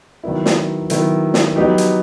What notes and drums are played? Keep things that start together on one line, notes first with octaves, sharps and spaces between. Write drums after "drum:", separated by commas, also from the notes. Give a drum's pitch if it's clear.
D#3 F#3 B3 E4
drum: snare
D#3 F#3 B3 E4, drum: hi-hat
drum: snare
F#3 B3 D#4 G4
drum: hi-hat